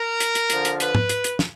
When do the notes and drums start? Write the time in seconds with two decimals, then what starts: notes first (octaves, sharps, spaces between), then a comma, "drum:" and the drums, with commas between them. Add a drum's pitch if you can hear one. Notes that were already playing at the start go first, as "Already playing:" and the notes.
Already playing: A#4
0.20 drum: hi-hat
0.35 drum: hi-hat
0.50 D3 F3, drum: hi-hat
0.65 drum: hi-hat
0.80 B4, drum: hi-hat
0.95 drum: tom G#2
1.09 drum: hi-hat
1.24 drum: hi-hat
1.39 drum: snare